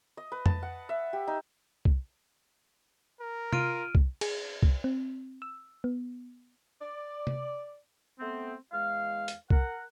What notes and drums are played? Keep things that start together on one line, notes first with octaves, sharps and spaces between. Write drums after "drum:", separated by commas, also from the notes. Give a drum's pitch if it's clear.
D#5
B4
A5, drum: tom
F#5
E5
G4
D#4
drum: kick C2
A#4
F4 F6 D7 D#7, drum: tom C3
drum: kick C2
G#4, drum: cymbal
drum: kick C2
C4
E6
B3
D5
drum: tom C3
A3 B3 C4
E2 G#3 F5
drum: hi-hat
A#4 F#5, drum: kick C2